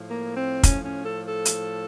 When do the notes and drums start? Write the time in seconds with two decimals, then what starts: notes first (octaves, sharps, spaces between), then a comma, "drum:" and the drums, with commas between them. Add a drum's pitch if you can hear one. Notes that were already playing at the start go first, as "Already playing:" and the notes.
Already playing: A2 F3
0.09 A#3
0.36 C4
0.63 C#4, drum: kick, hi-hat
0.84 C#4
1.05 A4
1.25 A4
1.45 drum: hi-hat